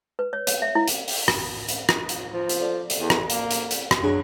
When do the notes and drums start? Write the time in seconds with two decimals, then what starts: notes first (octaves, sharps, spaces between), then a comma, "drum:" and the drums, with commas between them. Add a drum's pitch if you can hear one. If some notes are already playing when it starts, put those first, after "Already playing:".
0.19 B4
0.33 C#5
0.47 C#5, drum: hi-hat
0.62 E5
0.75 E4
0.88 drum: hi-hat
1.08 drum: open hi-hat
1.28 drum: rim click
1.68 drum: hi-hat
1.89 drum: rim click
2.09 drum: hi-hat
2.33 F3
2.49 drum: hi-hat
2.61 A4 D5
2.90 drum: hi-hat
3.00 E2
3.10 drum: rim click
3.30 A#3, drum: hi-hat
3.51 drum: hi-hat
3.71 drum: hi-hat
3.91 drum: rim click
4.02 F#2 F#3 D4 G#4